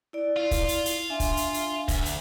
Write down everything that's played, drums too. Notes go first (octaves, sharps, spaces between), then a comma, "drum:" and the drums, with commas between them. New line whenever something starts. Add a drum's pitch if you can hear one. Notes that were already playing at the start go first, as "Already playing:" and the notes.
E4 D5
F4
drum: kick, hi-hat
drum: hi-hat
drum: hi-hat
D4 E5 G#5
drum: kick, hi-hat
drum: hi-hat
drum: hi-hat
D2, drum: kick, hi-hat
drum: hi-hat